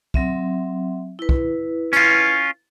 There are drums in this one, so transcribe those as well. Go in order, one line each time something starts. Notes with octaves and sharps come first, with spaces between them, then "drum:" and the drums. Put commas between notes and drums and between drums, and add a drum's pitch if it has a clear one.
F#3 C4 E5, drum: kick
E4 B4
drum: kick
C#4 F4, drum: hi-hat